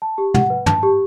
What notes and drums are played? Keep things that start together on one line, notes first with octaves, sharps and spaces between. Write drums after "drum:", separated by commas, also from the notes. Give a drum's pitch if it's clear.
A5
G4
F#5, drum: tom
B4
A5, drum: tom
G4